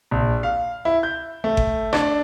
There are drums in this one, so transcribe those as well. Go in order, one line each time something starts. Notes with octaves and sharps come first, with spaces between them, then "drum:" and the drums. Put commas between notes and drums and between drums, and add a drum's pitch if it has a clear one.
A#1
F5
E4
G6
A3
drum: kick G1
D4, drum: rim click